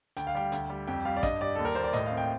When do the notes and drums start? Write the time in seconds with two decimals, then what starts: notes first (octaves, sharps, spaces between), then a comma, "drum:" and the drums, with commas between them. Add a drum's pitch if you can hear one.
0.17 D2 G5, drum: hi-hat
0.27 F5
0.35 G3 G5
0.52 D2, drum: hi-hat
0.70 G3
0.88 F2 G5
1.05 G3 F5
1.17 D5
1.23 G2 D#5, drum: kick, hi-hat
1.41 G3 D5
1.55 D#2 A4
1.65 A#4
1.75 A#3 C5
1.84 D5
1.93 A2 D#5, drum: hi-hat
2.06 F5
2.12 C4
2.17 G5